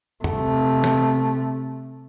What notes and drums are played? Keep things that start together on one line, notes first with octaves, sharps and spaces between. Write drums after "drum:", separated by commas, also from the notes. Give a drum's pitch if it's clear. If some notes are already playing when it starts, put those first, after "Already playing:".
C3 A3, drum: tom E2
drum: snare